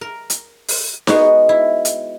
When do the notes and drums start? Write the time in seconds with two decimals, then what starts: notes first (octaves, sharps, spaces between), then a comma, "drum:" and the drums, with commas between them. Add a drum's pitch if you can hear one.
0.01 A#4
0.30 drum: hi-hat
0.68 drum: open hi-hat
1.07 G#3 B3 D#4 F#4, drum: snare D#4
1.49 E4
1.85 drum: hi-hat